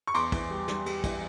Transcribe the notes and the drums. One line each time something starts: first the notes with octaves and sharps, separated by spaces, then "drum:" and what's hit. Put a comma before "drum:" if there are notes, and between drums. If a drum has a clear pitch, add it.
C#6
E2 C6 D6, drum: cymbal
E3, drum: kick, cymbal
G3
G3, drum: snare
G3, drum: cymbal
E3, drum: kick, cymbal